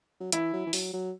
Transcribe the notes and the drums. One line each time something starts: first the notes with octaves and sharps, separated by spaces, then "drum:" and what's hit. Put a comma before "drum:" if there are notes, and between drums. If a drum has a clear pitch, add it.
F#3
E3 E4, drum: hi-hat
F#3
E3
F#3, drum: open hi-hat
F#3